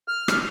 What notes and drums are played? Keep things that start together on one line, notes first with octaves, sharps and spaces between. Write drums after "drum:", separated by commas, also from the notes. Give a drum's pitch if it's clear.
F6
drum: rim click